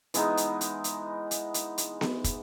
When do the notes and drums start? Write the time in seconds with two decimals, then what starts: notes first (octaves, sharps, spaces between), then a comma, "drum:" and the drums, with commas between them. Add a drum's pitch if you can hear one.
0.14 E3 G#3 B3 D#4, drum: hi-hat
0.37 drum: hi-hat
0.61 drum: hi-hat
0.84 drum: hi-hat
1.31 drum: hi-hat
1.54 drum: hi-hat
1.78 drum: hi-hat
2.01 drum: snare B3
2.24 drum: kick, hi-hat